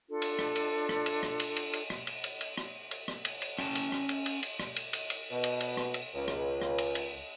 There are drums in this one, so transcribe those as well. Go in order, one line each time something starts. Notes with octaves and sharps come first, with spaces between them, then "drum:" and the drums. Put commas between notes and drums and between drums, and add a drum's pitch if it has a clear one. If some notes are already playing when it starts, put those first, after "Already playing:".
D4 F4 A4
drum: cymbal
drum: rim click
drum: cymbal
drum: rim click
drum: cymbal
drum: rim click
drum: cymbal
drum: cymbal
drum: cymbal
drum: rim click
drum: cymbal
drum: cymbal
drum: cymbal
drum: rim click
drum: cymbal
drum: rim click
drum: cymbal
drum: cymbal
C#4 G5 A5, drum: rim click
drum: cymbal
drum: rim click
drum: cymbal
drum: cymbal
drum: cymbal
drum: rim click
drum: cymbal
drum: cymbal
drum: cymbal
B2
drum: cymbal
drum: cymbal
drum: rim click
drum: cymbal
C#2
drum: rim click
drum: rim click
drum: cymbal
drum: cymbal